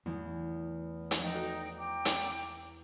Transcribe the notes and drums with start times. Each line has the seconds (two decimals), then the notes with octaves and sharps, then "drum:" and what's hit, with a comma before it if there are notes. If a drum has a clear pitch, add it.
0.06 E2 E3 A3 B3
1.11 drum: hi-hat
1.20 F3 D#4 G5
1.34 F#4 A4
1.77 G5 A#5 D6
2.05 drum: hi-hat